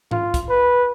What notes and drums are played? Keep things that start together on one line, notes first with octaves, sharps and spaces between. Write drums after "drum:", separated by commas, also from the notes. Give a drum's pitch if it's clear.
F4, drum: tom G#2
drum: kick, hi-hat
B4